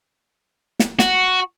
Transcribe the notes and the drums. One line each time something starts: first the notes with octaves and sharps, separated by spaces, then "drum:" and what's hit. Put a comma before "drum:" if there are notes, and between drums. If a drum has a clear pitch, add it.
drum: snare
F#4, drum: snare